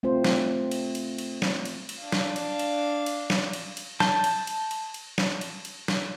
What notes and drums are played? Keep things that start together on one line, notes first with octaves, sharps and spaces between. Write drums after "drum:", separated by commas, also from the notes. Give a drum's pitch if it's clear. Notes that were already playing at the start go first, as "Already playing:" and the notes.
A3 C4 F4 C5
drum: snare
drum: cymbal
drum: cymbal
drum: cymbal
drum: snare
drum: cymbal
drum: cymbal
D4 F5
drum: snare
drum: cymbal
drum: cymbal
drum: cymbal
drum: snare
drum: cymbal
drum: cymbal
A5 G6, drum: snare
drum: cymbal
drum: cymbal
drum: cymbal
drum: cymbal
drum: snare
drum: cymbal
drum: cymbal
drum: snare